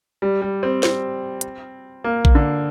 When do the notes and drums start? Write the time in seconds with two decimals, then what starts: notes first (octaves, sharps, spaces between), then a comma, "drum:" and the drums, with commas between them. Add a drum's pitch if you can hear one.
0.22 G3
0.42 G3
0.63 C4
0.83 C4, drum: snare
1.41 drum: hi-hat
2.04 A#3
2.25 drum: kick A#1
2.35 D3